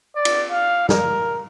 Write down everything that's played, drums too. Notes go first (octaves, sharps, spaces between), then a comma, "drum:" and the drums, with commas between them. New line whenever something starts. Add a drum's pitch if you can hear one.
D5
drum: cymbal
F5
A#4, drum: snare